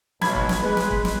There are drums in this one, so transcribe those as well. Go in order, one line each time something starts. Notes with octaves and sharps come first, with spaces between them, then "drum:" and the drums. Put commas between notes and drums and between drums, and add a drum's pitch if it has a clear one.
B1 B5 G#6, drum: snare
drum: kick
drum: snare
G#3 B3 B4
drum: snare
drum: kick
drum: snare